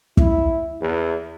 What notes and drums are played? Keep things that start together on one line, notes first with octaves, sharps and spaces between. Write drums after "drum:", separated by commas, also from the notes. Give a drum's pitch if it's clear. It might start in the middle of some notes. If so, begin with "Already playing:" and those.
E4, drum: kick
E2